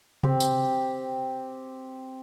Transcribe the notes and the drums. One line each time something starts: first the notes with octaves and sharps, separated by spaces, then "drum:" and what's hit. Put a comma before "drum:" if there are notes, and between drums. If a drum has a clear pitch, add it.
C4 G4, drum: tom C3
drum: tambourine